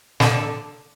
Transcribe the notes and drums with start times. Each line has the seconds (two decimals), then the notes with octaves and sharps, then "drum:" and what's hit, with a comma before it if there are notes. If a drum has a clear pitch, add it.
0.20 D3 A4, drum: snare